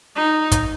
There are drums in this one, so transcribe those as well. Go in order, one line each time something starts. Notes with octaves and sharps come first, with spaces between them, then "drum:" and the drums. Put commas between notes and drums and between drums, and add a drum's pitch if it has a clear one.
D#4
drum: kick, hi-hat